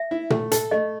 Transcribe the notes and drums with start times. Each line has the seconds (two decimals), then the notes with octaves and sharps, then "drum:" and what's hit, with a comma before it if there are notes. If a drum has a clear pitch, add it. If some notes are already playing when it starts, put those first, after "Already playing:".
Already playing: E5
0.11 E4
0.30 A3, drum: tom A#2
0.52 A4, drum: hi-hat
0.71 A3 D#5